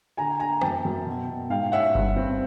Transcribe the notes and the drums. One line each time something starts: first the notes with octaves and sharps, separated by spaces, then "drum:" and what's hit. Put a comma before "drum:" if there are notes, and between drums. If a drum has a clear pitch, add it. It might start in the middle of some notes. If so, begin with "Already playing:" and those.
D3 G#5 A#5
D4 G#5 A#5
F#2 G5 A5, drum: rim click
F#2
B2
B2
G#2 F5 G5
C#4 E5 F#5
G2, drum: kick F#1
C4